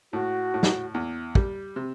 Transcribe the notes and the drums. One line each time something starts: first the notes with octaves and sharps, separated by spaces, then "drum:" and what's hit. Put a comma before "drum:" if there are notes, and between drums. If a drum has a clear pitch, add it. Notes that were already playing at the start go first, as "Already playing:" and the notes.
A2 F#4
A2
drum: snare
E2
G3, drum: kick
C3